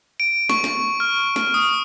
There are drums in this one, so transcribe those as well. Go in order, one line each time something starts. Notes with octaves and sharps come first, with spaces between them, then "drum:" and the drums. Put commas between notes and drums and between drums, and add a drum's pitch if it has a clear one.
D7
C#6, drum: snare
drum: snare
F6
drum: snare
D#6